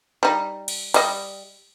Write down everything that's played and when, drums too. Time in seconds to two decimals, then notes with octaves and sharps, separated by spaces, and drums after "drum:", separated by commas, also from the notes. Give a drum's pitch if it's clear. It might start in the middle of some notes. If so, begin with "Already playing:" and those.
0.23 G3 D#4
0.68 drum: cymbal
0.94 G3 D#5, drum: cymbal